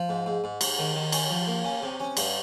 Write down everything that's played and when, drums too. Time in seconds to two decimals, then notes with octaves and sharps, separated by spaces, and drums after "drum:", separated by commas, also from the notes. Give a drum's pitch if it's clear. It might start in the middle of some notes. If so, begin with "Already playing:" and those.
Already playing: F3
0.09 G#2
0.26 G#2
0.44 G#2
0.61 G#2, drum: cymbal
0.78 D#3
0.95 D#3
1.12 C#4, drum: cymbal
1.30 F3
1.47 A#3
1.64 C#4
1.83 C3
2.00 C#4
2.17 G2, drum: cymbal